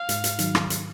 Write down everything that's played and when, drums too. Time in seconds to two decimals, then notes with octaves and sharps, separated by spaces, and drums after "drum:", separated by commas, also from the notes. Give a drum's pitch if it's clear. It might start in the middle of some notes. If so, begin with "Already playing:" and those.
Already playing: F5
0.09 G#2, drum: hi-hat
0.24 drum: hi-hat
0.39 D#3 F#3, drum: hi-hat
0.55 drum: rim click
0.70 drum: hi-hat